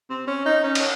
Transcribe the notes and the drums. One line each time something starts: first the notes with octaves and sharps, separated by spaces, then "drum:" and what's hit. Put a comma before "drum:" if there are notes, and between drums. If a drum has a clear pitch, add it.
C4
C#4
D#4
C#4
drum: cymbal